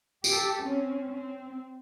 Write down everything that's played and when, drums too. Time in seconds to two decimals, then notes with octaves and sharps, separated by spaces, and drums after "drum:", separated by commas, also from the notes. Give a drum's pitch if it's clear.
0.24 G4 A4, drum: tambourine
0.63 C4 C#4
1.12 C4